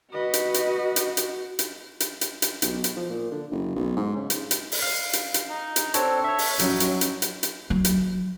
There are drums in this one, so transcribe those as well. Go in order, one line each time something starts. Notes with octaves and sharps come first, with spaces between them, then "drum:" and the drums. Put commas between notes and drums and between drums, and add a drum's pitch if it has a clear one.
F#4 B4 D#5
drum: hi-hat
drum: hi-hat
drum: hi-hat
drum: hi-hat
drum: hi-hat
drum: hi-hat
drum: hi-hat
drum: hi-hat
B1, drum: hi-hat
drum: hi-hat
F3
A#2
D3
F#1
B1
G#2
C#3
drum: hi-hat
drum: hi-hat
drum: open hi-hat
F5
drum: hi-hat
drum: hi-hat
D#4
drum: hi-hat
C4 D4 A4 C#5, drum: hi-hat
C#5 E5
drum: open hi-hat
F#3 C#4 D#4, drum: hi-hat
drum: hi-hat
drum: hi-hat
drum: hi-hat
drum: hi-hat
F#3
drum: hi-hat